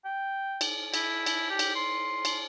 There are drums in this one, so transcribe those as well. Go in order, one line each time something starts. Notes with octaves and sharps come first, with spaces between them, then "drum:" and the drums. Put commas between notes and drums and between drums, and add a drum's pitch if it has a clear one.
G5
drum: cymbal
E4, drum: cymbal
drum: cymbal
G4
drum: cymbal
C6
drum: cymbal